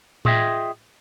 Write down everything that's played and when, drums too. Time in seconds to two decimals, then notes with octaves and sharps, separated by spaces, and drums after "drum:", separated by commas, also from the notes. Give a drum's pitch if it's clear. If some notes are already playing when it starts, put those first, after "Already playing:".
0.25 F4 G#4 D#5 E5 G5, drum: tom A2